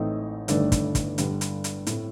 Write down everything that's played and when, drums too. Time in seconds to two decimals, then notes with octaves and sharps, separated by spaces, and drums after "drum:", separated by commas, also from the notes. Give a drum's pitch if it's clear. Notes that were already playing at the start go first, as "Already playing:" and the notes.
Already playing: A1 A2 A3 C4 D#4
0.48 G1 G2 D#3 A3 D4, drum: hi-hat
0.72 drum: kick, hi-hat
0.95 drum: kick, hi-hat
1.18 G2 D3 G3, drum: hi-hat
1.41 drum: hi-hat
1.64 drum: hi-hat
1.87 A2 A3 C4, drum: hi-hat